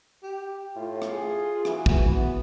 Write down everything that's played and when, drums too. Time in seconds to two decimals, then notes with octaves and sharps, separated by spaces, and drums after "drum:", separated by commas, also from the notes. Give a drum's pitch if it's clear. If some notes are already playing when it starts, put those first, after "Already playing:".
0.23 G4
0.76 A2 F4
1.02 drum: rim click
1.12 G#4
1.65 E3 F#4, drum: rim click
1.86 drum: kick
2.07 B3